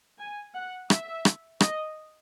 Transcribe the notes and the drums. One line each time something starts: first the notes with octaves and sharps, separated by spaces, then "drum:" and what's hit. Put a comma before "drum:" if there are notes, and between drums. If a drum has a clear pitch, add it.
G#5
F#5
E5, drum: rim click
drum: rim click
D#5, drum: rim click